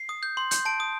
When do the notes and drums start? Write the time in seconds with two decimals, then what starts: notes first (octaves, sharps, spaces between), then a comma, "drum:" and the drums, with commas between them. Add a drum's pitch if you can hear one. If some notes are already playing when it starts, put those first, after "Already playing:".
Already playing: C7
0.09 D#6
0.23 G6
0.37 C6
0.51 G6, drum: hi-hat
0.65 A5 D7
0.80 D#6